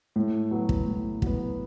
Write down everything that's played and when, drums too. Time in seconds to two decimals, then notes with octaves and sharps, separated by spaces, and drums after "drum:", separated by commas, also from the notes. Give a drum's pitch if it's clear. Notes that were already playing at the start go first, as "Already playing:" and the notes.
0.16 A2
0.51 F#3 B3
0.69 drum: kick
0.86 A2
1.22 F#3 B3, drum: kick